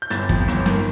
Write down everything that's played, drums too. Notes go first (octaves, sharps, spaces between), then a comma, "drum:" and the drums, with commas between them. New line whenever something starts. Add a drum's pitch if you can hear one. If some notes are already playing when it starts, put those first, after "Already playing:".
G6
G1 A6, drum: hi-hat
F2, drum: kick
G1, drum: hi-hat
D#3, drum: snare